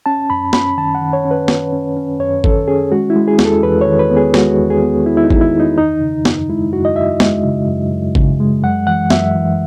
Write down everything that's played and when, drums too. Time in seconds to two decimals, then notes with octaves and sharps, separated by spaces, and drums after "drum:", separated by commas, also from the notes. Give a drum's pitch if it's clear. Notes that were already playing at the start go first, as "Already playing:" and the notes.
0.06 C#4 A5
0.30 F#2 B5
0.53 C#4 B5, drum: snare
0.77 D#3 A5
0.95 F#5
1.01 D#3
1.13 C#5
1.25 C#4
1.31 B4
1.48 C#4, drum: snare
1.73 C#4
1.97 C#4
2.20 F#2 C#5
2.44 D#3 A4, drum: kick G#1
2.68 C#4 G#4
2.91 G#3 F#4
3.10 E4
3.15 G#3
3.28 G#4
3.39 E2, drum: snare
3.45 A4
3.63 E2 B4
3.81 C#5
3.87 D#3
3.99 B4
4.11 B3
4.16 G#4
4.34 G#3 F#4, drum: snare
4.59 E2
4.70 G#4
4.83 B3
5.06 B3 E4
5.17 E4
5.24 D#4
5.30 D#3, drum: kick G#1
5.41 E4
5.54 E2
5.60 D#4
5.77 F#2 D#4
6.01 C#3
6.25 F#2, drum: snare
6.49 G#3 E4
6.73 F#2 F#4
6.85 D#5
6.96 F#2 E5
7.20 G#3, drum: snare
7.45 C#3
7.68 F#2
7.92 F#2
8.15 C#3, drum: kick G#1
8.40 G#3
8.63 F#2 F#5
8.87 E3 F#5
9.10 F#2 E5, drum: snare
9.35 E3